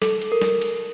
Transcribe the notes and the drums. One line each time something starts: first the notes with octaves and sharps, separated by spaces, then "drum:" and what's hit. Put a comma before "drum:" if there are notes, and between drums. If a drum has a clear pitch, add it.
A4, drum: snare
drum: cymbal
A#4
drum: snare
drum: cymbal